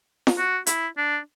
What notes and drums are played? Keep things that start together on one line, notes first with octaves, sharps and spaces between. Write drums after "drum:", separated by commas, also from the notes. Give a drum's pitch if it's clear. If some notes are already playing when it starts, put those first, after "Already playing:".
drum: snare F4
F#4
E4, drum: hi-hat
D4